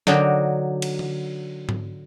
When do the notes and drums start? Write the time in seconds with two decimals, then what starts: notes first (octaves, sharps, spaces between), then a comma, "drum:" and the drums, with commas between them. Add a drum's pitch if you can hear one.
0.07 D3 F#3 D#4 G5, drum: snare
0.82 drum: cymbal
0.99 drum: tom D3
1.69 drum: tom G#2